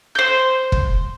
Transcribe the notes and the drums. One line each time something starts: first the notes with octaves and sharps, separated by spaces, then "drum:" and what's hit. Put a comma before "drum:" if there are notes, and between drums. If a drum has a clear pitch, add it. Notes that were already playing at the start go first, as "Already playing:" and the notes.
C5 G6
drum: kick